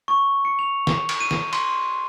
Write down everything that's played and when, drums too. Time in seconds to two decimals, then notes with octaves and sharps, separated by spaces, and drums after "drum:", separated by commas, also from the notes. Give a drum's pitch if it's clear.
0.08 C#6
0.45 C#7
0.59 F7
0.87 drum: snare
1.09 drum: cymbal
1.20 D#7
1.31 drum: snare
1.53 C6, drum: cymbal